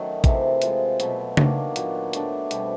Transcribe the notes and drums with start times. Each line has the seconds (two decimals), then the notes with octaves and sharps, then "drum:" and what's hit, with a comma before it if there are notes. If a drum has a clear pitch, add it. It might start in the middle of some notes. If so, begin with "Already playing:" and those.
Already playing: D#3 F#3 A3 C#4 D#4
0.24 C3 E3 A3, drum: kick, hi-hat
0.62 G#3 C4 F4, drum: hi-hat
1.00 B2 F#3 A3, drum: hi-hat
1.37 D#3 F#3 A#3 D4, drum: tom C#3
1.76 A#2 F#3 B3, drum: hi-hat
2.13 F#3 A3 D4, drum: hi-hat
2.51 B2 G3 C4, drum: hi-hat